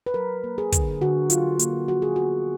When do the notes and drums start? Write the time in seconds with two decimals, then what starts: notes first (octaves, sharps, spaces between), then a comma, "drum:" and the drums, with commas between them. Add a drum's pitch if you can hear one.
0.06 B4
0.14 F#3 A#4
0.44 A#3
0.58 G#4
0.72 D3, drum: kick, hi-hat
1.01 D3 F#4
1.30 F#3 F4, drum: hi-hat
1.59 A#3, drum: hi-hat
1.88 F3 F#4
2.02 G#4
2.16 B3 F#4